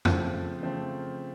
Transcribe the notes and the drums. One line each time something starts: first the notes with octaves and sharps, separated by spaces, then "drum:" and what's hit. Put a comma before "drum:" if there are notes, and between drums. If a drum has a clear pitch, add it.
C#3 F3 A3 C4, drum: tom F2
C#3 F3 A3 C4